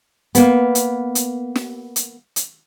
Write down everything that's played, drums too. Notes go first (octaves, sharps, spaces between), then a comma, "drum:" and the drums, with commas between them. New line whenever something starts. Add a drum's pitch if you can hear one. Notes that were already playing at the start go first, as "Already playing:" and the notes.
A#3 B3, drum: hi-hat
drum: hi-hat
drum: hi-hat
drum: snare
drum: hi-hat
drum: hi-hat